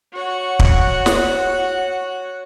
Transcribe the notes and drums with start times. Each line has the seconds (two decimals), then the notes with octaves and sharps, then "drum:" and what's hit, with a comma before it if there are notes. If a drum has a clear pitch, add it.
0.13 F#4 C#5 F#5
0.60 drum: kick
1.06 drum: snare